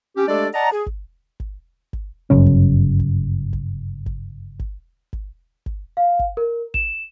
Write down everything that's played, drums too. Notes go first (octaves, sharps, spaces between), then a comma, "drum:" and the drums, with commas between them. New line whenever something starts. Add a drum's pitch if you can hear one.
C4 C#4 G4
G#3 A3 D4 G4 A4 D5
D5 D#5 F#5 A5 A#5
G#4
drum: kick G1
drum: kick G1
drum: kick G1
G1 F#2 C#3 C#4
drum: kick G1
drum: kick G1
drum: kick G1
drum: kick G1
drum: kick G1
drum: kick G1
drum: kick G1
F5
drum: kick G1
A#4
E7, drum: kick G1